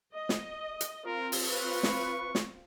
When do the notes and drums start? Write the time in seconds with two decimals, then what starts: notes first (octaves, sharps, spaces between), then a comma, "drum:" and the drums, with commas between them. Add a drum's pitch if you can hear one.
0.14 D#5
0.29 drum: snare
0.81 drum: hi-hat
1.06 C4 F4 A#4
1.32 drum: open hi-hat
1.48 B4 C#6
1.83 drum: snare
2.35 drum: snare